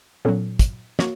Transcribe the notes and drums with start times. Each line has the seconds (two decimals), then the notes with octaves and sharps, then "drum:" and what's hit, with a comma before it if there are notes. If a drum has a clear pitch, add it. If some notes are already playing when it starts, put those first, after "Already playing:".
0.25 A#2 F#3 B3 C#4 A4
0.59 drum: kick, hi-hat
0.99 A#3 F#4 C#5, drum: snare